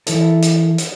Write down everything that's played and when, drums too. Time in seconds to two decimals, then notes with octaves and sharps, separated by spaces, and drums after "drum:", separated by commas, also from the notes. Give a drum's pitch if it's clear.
0.07 E3 E4 A4, drum: hi-hat
0.42 drum: hi-hat
0.78 drum: hi-hat